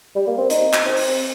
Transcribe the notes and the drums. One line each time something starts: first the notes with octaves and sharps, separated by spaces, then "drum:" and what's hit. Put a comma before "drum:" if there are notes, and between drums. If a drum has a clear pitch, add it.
G3
A#3
C4
D#4, drum: hi-hat
drum: clap
C4
drum: open hi-hat